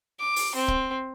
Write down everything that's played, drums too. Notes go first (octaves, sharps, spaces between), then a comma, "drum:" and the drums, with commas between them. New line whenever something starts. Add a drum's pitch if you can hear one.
D6
drum: open hi-hat
C4
drum: kick